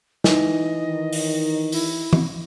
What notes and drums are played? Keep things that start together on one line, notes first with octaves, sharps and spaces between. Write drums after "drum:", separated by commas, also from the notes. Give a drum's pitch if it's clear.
E3 D#4 D#5, drum: snare
D#3
drum: open hi-hat
E4, drum: open hi-hat
drum: tom E3